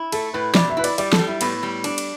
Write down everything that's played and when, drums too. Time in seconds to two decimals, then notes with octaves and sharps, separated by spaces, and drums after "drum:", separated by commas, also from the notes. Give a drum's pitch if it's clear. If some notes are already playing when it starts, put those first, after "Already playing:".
Already playing: E4
0.12 A3 A4, drum: cymbal
0.34 A2 B4
0.55 B2 D5, drum: snare
0.70 E5
0.77 E4 B4
0.84 D5, drum: cymbal
0.98 G3 D5, drum: cymbal
1.13 A4, drum: snare
1.19 G3
1.27 E4
1.41 A2 B3, drum: cymbal
1.63 G3
1.84 D4, drum: cymbal
1.98 drum: cymbal